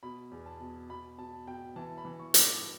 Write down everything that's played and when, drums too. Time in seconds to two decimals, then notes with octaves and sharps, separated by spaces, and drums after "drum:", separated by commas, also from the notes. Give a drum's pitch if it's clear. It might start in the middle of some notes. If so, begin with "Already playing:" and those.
0.03 B2 B5
0.31 E2
0.46 A5
0.60 B2
0.89 B2 B5
1.18 B2 A5
1.47 B2 G5
1.76 E3 A5
1.98 B5
2.05 E3
2.19 C#6
2.34 G2, drum: hi-hat
2.41 D6